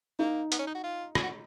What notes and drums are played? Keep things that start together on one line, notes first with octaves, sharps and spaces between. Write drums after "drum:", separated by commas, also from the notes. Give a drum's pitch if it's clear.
A#3 D#4
B3, drum: hi-hat
C#4
D#4
F#4
F4
G#4, drum: rim click
F#4